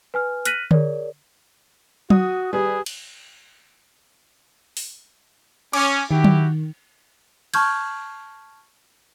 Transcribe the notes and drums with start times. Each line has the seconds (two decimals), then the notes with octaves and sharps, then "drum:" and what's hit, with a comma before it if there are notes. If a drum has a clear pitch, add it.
0.14 B4 G#5 F6
0.45 F6 F#6 A#6 B6 D#7 F#7, drum: hi-hat
0.71 G#4 A#4 C#5 D5, drum: tom D3
2.10 F#4 D#6, drum: tom F#3
2.53 G3 G#4 B4
2.86 drum: cymbal
4.77 drum: open hi-hat
5.73 C#4 D6, drum: cymbal
6.11 D#3 E4 F#4 G4
6.24 drum: tom F#3
7.54 A5 C#6 F6 G6 G#6, drum: cymbal